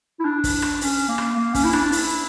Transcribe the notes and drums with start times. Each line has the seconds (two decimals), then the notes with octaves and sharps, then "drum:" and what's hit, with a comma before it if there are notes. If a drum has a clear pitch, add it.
0.20 E4
0.25 D4
0.44 drum: kick, open hi-hat
0.62 drum: rim click
0.81 C#4, drum: open hi-hat
1.09 A#3
1.18 drum: rim click
1.36 A#3
1.55 C#4, drum: kick, open hi-hat
1.64 E4
1.73 D4, drum: rim click
1.92 E4, drum: open hi-hat